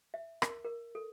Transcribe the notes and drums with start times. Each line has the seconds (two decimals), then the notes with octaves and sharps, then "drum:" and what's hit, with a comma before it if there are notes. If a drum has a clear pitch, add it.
0.14 E5
0.42 A#4, drum: rim click
0.65 A#4
0.95 A4